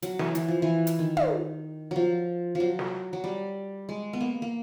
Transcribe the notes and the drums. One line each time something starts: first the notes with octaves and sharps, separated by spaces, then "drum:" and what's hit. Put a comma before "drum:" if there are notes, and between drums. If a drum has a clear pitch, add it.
F#3, drum: hi-hat
E3, drum: snare
E3, drum: hi-hat
F3
E3
drum: hi-hat
D#3
drum: tom
F3 F#3
F3
F#3
drum: snare
F#3
G3
G#3
B3
A#3
A#3